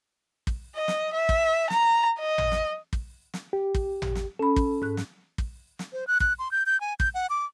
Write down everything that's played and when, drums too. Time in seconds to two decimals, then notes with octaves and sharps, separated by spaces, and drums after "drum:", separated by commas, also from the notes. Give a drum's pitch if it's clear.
0.47 drum: kick
0.76 D#5
0.88 drum: snare
1.14 E5
1.29 drum: kick
1.70 A#5, drum: snare
2.19 D#5
2.38 drum: tom
2.52 drum: snare
2.93 drum: kick
3.34 drum: snare
3.53 G4
3.75 drum: kick
4.02 drum: tom
4.15 drum: snare
4.39 C#4 A4 B5
4.56 drum: kick
4.82 G#2 F#6
4.97 drum: snare
5.38 drum: kick
5.79 drum: snare
5.93 C5
6.07 F#6
6.20 F#6, drum: kick
6.39 C6
6.52 G6
6.66 G6
6.81 G#5
7.00 G6, drum: kick
7.14 F#5
7.30 D6